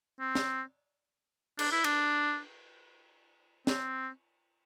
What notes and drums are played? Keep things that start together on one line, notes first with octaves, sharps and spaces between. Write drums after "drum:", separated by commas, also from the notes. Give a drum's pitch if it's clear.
C4
drum: snare
D4, drum: cymbal
E4
D4, drum: cymbal
C4, drum: snare